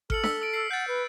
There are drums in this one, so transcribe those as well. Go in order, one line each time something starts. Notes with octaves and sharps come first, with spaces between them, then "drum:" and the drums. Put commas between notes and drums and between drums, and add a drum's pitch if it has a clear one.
A4 F6 C#7 F#7, drum: kick G#1
E6 B6, drum: snare D4
E6 D7
C7
F#5 G6 A6
B4